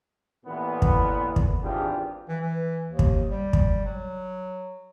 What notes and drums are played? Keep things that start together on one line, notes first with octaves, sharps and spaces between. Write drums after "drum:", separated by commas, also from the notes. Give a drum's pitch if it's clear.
A1 A#2 E3 B3
drum: kick
drum: kick
G#1 E2 D4 F4 G4 G#4
E3
E3
D#2
drum: kick
G3
drum: kick
F#3